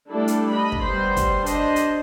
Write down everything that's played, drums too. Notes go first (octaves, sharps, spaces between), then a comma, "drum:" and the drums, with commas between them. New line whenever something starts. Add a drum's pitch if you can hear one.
G3 A3 D4 E4 A4
drum: hi-hat
D#5 B5
drum: kick
G3 B3 C5
drum: kick, hi-hat
D4 C5 D#5, drum: hi-hat
drum: hi-hat